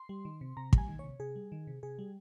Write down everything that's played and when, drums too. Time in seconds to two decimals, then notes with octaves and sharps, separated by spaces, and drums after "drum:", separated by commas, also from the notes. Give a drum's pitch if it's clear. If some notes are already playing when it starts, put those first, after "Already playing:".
Already playing: C6
0.09 G3
0.25 D#3
0.41 C3
0.57 C3 A#5
0.73 G3, drum: kick
0.78 G#5
0.88 D#3
0.99 C3 C#5
1.20 C3 G#4
1.36 G3
1.52 D#3
1.67 C3
1.83 C3 G#4
1.99 G3